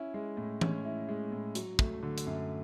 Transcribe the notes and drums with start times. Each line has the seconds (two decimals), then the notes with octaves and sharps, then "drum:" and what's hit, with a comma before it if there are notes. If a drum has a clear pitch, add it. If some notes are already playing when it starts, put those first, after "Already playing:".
Already playing: C#4 E4
0.14 G#3
0.37 A2
0.61 C#4, drum: tom E3
0.85 E4
1.09 G#3
1.32 A2
1.55 F#3, drum: hi-hat
1.79 A3, drum: kick
2.02 D3
2.18 drum: hi-hat
2.27 F#2